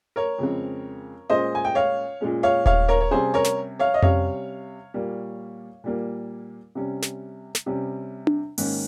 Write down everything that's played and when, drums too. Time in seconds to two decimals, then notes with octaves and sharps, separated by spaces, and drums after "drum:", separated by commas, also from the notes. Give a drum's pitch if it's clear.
0.16 A#4 C#5
0.38 F2 C#3 G#3 C4
1.30 A#2 G#3 C#4 C5 D#5
1.55 G#5
1.65 G5
1.75 C#5 F5
2.21 A#2 G#3 C#4
2.43 C#5 F5
2.66 C#5 F5, drum: kick D#1
2.88 A#4 C#5
3.01 C#5
3.11 C3 G3 C#4 G#4 C5
3.34 A#4 C#5
3.44 drum: snare
3.79 C#5 F5
3.94 D#5
4.03 C3 G3 C#4 C#5 F5, drum: tom F2
4.94 A#2 G3 A#3
5.84 A#2 G3 A#3
6.75 C3 G3 C#4
7.02 drum: snare
7.55 drum: snare
7.66 C3 G3 C#4
8.27 drum: tom D4
8.58 G#2 D#3 A#3 C#4, drum: open hi-hat